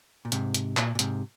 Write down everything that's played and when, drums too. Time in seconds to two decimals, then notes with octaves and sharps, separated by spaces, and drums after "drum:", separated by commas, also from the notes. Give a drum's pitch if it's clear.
0.25 A#2
0.32 G#2 C3, drum: hi-hat
0.54 drum: hi-hat
0.77 A#2, drum: clap
0.95 A#2
0.99 G#2 C3, drum: hi-hat